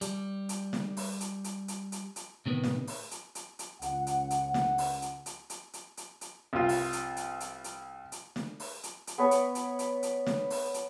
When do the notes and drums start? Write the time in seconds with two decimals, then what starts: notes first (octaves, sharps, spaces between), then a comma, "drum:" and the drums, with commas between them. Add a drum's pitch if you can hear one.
0.01 G3, drum: hi-hat
0.49 drum: hi-hat
0.73 drum: snare
0.97 drum: open hi-hat
1.21 drum: hi-hat
1.44 drum: hi-hat
1.68 drum: hi-hat
1.92 drum: hi-hat
2.16 drum: hi-hat
2.46 A2 C3 D#3 B3
2.64 drum: snare
2.87 drum: open hi-hat
3.11 drum: hi-hat
3.35 drum: hi-hat
3.59 drum: hi-hat
3.82 C#2 F#5, drum: hi-hat
4.07 drum: hi-hat
4.30 drum: hi-hat
4.54 drum: snare
4.78 drum: open hi-hat
5.02 drum: hi-hat
5.26 drum: hi-hat
5.50 drum: hi-hat
5.73 drum: hi-hat
5.97 drum: hi-hat
6.21 drum: hi-hat
6.53 C2 F4
6.69 drum: open hi-hat
6.93 drum: hi-hat
7.17 drum: hi-hat
7.40 drum: hi-hat
7.64 drum: hi-hat
8.12 drum: hi-hat
8.36 drum: snare
8.60 drum: open hi-hat
8.83 drum: hi-hat
9.07 drum: hi-hat
9.18 B3 B4 C#5 B5
9.31 drum: hi-hat
9.55 drum: hi-hat
9.79 drum: hi-hat
10.03 drum: hi-hat
10.26 drum: snare
10.50 drum: open hi-hat
10.74 drum: hi-hat